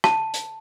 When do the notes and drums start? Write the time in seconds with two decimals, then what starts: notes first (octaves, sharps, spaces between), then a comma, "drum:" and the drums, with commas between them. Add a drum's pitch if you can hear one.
0.04 A5, drum: rim click
0.34 drum: hi-hat